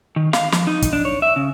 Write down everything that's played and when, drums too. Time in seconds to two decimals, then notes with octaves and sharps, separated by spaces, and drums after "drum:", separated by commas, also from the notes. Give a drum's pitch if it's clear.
0.16 D#3
0.33 F5, drum: snare
0.52 F3, drum: snare
0.67 D#4
0.82 drum: kick, hi-hat
0.93 D4
1.05 C#5
1.22 E5
1.36 C#3